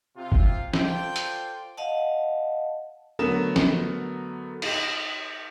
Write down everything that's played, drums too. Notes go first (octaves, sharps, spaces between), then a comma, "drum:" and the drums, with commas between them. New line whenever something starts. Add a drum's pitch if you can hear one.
C3 F4
drum: kick
F4 A4 C5 D5 G5, drum: snare
drum: hi-hat
D#5 F5 F#5 A5
D3 F#3 A3 B3 A#4 E7
drum: snare
D#4 G4, drum: cymbal